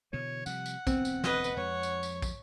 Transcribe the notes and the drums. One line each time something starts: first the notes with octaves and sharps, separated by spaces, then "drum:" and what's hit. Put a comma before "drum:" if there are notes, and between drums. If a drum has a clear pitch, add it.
B2 D3 E3 C#5
C3 F3 G3 F#5, drum: tambourine
drum: tambourine
E1 D2 B3 C4, drum: kick, tambourine
drum: tambourine
B4 D#5, drum: snare
drum: tambourine
F2 F3 G#3 C#5
drum: tambourine
drum: tambourine
drum: kick, tambourine